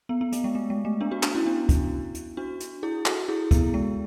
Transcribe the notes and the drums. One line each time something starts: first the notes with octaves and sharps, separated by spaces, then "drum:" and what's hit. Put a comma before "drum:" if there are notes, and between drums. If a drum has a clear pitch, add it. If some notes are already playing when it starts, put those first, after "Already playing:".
B3
B3
A3, drum: hi-hat
G#3
A3
G#3
A3
B3 D4
D4 F#4
D4 F#4, drum: clap
C#4 E4
B3 D4
drum: kick, hi-hat
drum: hi-hat
D4 F#4
drum: hi-hat
E4 G#4
F#4 A4, drum: clap
E4 G#4
B3, drum: kick, hi-hat
G#3